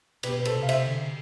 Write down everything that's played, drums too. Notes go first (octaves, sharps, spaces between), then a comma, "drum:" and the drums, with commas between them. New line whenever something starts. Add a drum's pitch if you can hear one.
B2 G4 B4, drum: cymbal
B4
A4 C5, drum: cymbal
C3
F5
C5 E5, drum: cymbal
D3